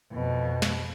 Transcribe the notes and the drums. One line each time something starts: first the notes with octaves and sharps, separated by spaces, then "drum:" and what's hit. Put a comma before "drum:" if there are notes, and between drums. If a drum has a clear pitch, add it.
F2 B2
drum: snare